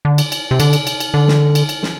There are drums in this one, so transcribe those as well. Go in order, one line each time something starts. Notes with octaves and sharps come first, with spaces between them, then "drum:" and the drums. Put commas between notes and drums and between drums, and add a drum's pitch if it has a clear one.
D3
drum: cymbal
drum: cymbal
C3
D3, drum: cymbal
drum: cymbal
drum: cymbal
drum: cymbal
D3
drum: snare
drum: cymbal
drum: cymbal
drum: snare